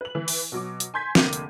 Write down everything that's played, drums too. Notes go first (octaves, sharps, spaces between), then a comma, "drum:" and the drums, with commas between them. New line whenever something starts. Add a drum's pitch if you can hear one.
B4 F#7
E3
drum: open hi-hat
B2 F#3 D6
drum: hi-hat
G#5 C6 G6 G#6 B6
F1 D3 A#3 D6 D#7, drum: snare
drum: hi-hat